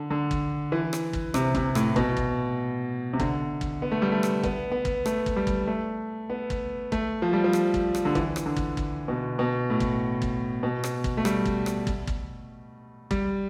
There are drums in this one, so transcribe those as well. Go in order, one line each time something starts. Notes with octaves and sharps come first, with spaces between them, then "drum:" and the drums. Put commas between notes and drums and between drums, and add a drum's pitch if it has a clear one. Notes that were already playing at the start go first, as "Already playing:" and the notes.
Already playing: D3
D3
drum: kick
E3
drum: rim click
drum: kick
C3, drum: rim click
C3, drum: kick
A2, drum: rim click
B2, drum: kick
drum: kick
C3
D3, drum: kick
drum: kick
B3
A3
G3
A3
drum: rim click
B3, drum: kick
B3
drum: kick
A3, drum: rim click
drum: kick
G3
drum: kick
A3
B3
drum: kick
A3, drum: kick
F3
G3
F3
drum: rim click
drum: kick
drum: rim click
D3
E3, drum: kick
drum: rim click
D3
drum: kick
drum: kick
B2
B2
A2
drum: kick
drum: kick
B2
drum: rim click
drum: kick
A3
G3, drum: rim click
drum: kick
drum: rim click
drum: kick
drum: kick
G3, drum: kick